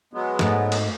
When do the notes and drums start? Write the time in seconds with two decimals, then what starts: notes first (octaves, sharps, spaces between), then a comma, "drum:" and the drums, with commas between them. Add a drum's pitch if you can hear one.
0.13 F#3 G#3 B3
0.39 G#2 A3, drum: snare
0.72 drum: cymbal